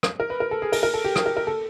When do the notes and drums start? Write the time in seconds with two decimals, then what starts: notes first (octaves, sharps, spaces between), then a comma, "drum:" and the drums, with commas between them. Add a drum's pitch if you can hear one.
0.03 drum: rim click
0.20 A#4
0.30 B4
0.40 A#4
0.51 A4
0.62 G#4
0.72 A#4, drum: open hi-hat
0.83 A#4
0.94 A4
1.05 G4
1.16 G4, drum: rim click
1.26 A#4
1.37 A#4
1.47 A4